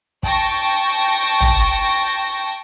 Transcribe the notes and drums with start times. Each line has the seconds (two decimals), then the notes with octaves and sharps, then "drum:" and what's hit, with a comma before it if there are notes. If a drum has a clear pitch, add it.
0.23 G5 A5 C#6 A#6, drum: kick
1.40 drum: tom